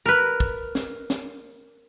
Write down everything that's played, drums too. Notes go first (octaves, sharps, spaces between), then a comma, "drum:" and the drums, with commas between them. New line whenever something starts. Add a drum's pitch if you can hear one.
A#4 B4
drum: kick
drum: snare
drum: snare